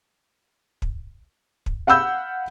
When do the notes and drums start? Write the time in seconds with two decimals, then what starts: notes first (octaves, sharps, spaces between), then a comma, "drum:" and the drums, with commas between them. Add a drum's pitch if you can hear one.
0.82 drum: kick
1.66 drum: kick
1.87 F5 F#5 B5 E6 G6